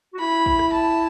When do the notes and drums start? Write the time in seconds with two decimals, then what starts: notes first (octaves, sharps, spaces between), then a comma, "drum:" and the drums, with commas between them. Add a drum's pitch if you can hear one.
0.13 F#4
0.19 E4 B5
0.46 drum: kick A1
0.59 drum: rim click
0.73 A5